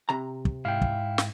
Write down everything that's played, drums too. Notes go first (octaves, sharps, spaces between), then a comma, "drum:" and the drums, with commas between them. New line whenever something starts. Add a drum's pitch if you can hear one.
C3 A#5
drum: kick
G#2 E4 F5 G5
drum: kick
drum: snare